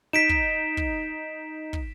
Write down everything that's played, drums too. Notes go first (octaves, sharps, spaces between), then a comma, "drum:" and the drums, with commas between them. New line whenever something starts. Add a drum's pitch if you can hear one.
D#4 B6 D7 E7
drum: kick
drum: kick
drum: kick